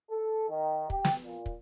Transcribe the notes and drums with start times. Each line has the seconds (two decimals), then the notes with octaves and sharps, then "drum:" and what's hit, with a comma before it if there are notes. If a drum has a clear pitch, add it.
0.11 A4
0.50 D#3
0.90 G4, drum: kick
1.05 drum: snare
1.24 A#2
1.46 drum: kick